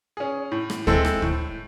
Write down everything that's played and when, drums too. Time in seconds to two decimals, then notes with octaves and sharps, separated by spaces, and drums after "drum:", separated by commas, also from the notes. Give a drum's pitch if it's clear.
0.17 C#4 G#4
0.52 A2
0.70 drum: rim click
0.87 G#3 C4 E4 A4, drum: kick
1.05 drum: rim click
1.22 A2, drum: kick